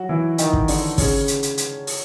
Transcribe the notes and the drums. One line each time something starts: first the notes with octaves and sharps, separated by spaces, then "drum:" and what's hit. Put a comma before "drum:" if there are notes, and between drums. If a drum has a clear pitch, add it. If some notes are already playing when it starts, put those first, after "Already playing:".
Already playing: F#3 F#4
E3 E4
D#3 D#4, drum: hi-hat
drum: kick
D3 D4, drum: open hi-hat
C#3 C#4, drum: kick, open hi-hat
drum: hi-hat
drum: hi-hat
drum: hi-hat
drum: open hi-hat